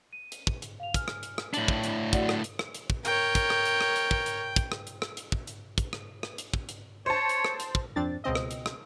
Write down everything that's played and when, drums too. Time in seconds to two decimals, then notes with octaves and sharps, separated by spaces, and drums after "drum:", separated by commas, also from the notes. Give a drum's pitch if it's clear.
0.13 D#7
0.32 drum: hi-hat
0.47 drum: kick
0.62 drum: hi-hat
0.80 F5 F7
0.94 G#5 F6, drum: kick, hi-hat
1.08 drum: rim click
1.23 drum: hi-hat
1.38 drum: rim click
1.54 A2 D4 F#7, drum: hi-hat
1.68 drum: kick
1.84 drum: hi-hat
2.13 F#4 D5 F#5, drum: kick, hi-hat
2.29 drum: rim click
2.44 drum: hi-hat
2.59 drum: rim click
2.74 drum: hi-hat
2.90 drum: kick
3.05 A#4 C#5 G5, drum: hi-hat
3.35 drum: kick, hi-hat
3.50 drum: rim click
3.65 drum: hi-hat
3.81 drum: rim click
3.96 drum: hi-hat
4.11 drum: kick
4.26 drum: hi-hat
4.56 drum: kick, hi-hat
4.72 drum: rim click
4.87 drum: hi-hat
5.02 drum: rim click
5.17 drum: hi-hat
5.32 drum: kick
5.47 drum: hi-hat
5.78 drum: kick, hi-hat
5.93 drum: rim click
6.23 drum: rim click
6.38 drum: hi-hat
6.54 drum: kick
6.69 drum: hi-hat
7.06 C5 C#5 A5
7.29 drum: hi-hat
7.44 drum: rim click
7.60 drum: hi-hat
7.75 drum: kick
7.96 F2 C4 D4 A6
8.24 C#2 B2 C4 D#5
8.35 drum: rim click
8.51 drum: hi-hat
8.66 drum: rim click